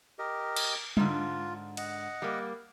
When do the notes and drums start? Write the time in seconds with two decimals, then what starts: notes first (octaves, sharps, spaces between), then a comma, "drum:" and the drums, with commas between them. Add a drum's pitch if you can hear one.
0.19 G4 A#4 D#5
0.56 drum: cymbal
0.97 G#2 D3 F4, drum: tom G3
1.77 D#5 F#5, drum: cymbal
2.22 G3 A#3